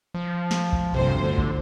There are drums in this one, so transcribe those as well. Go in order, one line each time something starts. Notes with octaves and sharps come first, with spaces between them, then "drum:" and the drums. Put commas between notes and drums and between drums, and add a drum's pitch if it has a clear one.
F3
drum: snare
drum: kick A#1
G1 D2 C3 C5
D3
drum: kick A#1